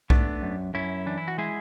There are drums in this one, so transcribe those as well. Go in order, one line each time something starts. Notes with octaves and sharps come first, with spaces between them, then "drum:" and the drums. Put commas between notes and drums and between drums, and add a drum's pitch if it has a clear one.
A3 B3 D4, drum: kick B1
F#2
F#2 C#4 E4
E3 D4
E4
F#4
G#3 E4 G#4